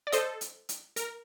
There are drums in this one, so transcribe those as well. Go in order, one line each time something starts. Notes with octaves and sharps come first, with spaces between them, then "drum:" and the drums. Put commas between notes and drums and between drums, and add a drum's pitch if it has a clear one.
D5
A4 C5 D#5, drum: hi-hat
drum: hi-hat
drum: hi-hat
A#4, drum: hi-hat